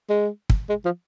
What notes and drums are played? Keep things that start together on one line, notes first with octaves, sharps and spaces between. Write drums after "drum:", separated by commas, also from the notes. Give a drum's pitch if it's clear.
G#3
drum: kick
G#3
F3